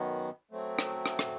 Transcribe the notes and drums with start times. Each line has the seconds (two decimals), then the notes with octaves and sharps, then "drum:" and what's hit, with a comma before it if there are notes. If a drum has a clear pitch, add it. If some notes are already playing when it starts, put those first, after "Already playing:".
Already playing: F#2 D#3 F#3 B3
0.51 F#3 A3 C4
0.79 drum: rim click
1.06 drum: rim click
1.19 drum: rim click